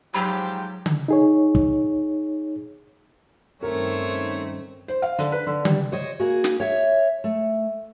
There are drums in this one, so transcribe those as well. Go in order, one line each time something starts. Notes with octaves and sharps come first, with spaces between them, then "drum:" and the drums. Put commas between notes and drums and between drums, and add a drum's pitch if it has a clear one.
G#2 F3 F#3 G4 G5 B5
drum: tom C#3
D#4 G#4 C#5
drum: kick
G2 D#3 A3 C4 C#4 A#4 C#5
C5
F5
D3, drum: hi-hat
B4
D3
G3, drum: tom C#3
C5 C#5 D#5
A#3 F#4 G#4
drum: snare
C#5 E5
A3